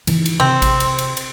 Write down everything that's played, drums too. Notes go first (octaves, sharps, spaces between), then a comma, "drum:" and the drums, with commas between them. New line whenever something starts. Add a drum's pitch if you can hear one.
D#3 E3, drum: cymbal
drum: cymbal
C3 C4
drum: kick, cymbal
drum: cymbal
drum: cymbal
drum: cymbal